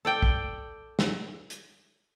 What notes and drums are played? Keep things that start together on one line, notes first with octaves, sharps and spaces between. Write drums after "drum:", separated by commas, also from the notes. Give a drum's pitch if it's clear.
A4 D5 G5
drum: kick
drum: snare
drum: hi-hat